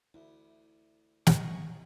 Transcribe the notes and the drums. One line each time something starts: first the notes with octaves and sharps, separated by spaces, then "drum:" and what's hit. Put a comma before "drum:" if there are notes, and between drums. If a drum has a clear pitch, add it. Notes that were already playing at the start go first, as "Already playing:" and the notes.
D2 E4
D#5 C#6, drum: snare